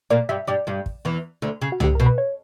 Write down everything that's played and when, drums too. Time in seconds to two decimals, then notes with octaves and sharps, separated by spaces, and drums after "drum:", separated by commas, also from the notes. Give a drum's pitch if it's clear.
0.10 A#2 A#3 D5
0.29 G2 G3 E5
0.47 G2 G3 D5
0.67 G2 G3
0.86 drum: kick
1.05 E2 E3
1.42 D2 D3
1.62 C#3
1.72 F#4
1.80 D2 D3, drum: tom
1.84 G4
1.95 B2 A#4
2.06 B4
2.18 C#5